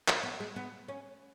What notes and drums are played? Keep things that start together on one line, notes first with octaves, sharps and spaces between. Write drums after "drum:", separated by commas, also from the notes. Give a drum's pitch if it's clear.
A#3, drum: clap
B3
G#3
B3
C#4